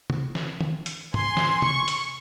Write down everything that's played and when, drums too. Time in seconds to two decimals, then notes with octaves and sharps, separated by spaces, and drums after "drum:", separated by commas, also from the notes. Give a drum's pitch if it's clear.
0.10 drum: tom
0.35 drum: snare
0.61 drum: tom
0.86 drum: hi-hat
1.14 G#5 C6, drum: tom
1.37 drum: snare
1.62 C#6, drum: tom
1.88 drum: hi-hat